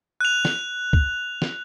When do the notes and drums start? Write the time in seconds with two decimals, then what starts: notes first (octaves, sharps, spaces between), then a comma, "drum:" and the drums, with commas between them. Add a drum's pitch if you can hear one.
0.21 F#6 F7
0.45 drum: snare
0.93 drum: kick C#2
1.42 drum: snare